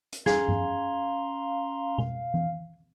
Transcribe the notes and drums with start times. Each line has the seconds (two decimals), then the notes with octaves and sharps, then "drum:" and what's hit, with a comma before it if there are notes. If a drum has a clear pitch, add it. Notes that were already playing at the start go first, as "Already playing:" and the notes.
0.13 drum: hi-hat
0.26 C#4 G#4 F5 A#5 C6, drum: snare
0.48 drum: tom G2
1.98 drum: tom B2
2.34 drum: tom E3